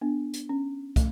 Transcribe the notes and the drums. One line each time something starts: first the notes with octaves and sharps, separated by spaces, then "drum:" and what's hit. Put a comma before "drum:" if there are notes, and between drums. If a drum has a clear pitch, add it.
B3 D4
drum: hi-hat
C#4
A3, drum: kick, hi-hat